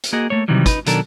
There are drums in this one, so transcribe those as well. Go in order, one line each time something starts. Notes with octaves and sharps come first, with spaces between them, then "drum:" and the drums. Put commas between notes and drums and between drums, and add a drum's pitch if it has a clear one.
drum: hi-hat
A#3 F#4 G#4 D#5
A3 A#3 C#5
C3 D#3 E3 F#3 G3
D#4 B4, drum: kick, hi-hat
B2 D#3 F#3 D4 A4 A#4, drum: hi-hat